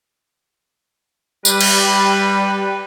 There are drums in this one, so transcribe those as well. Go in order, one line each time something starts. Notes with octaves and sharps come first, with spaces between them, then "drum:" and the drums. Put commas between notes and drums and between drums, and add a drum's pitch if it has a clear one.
G3 B4, drum: tambourine
drum: cymbal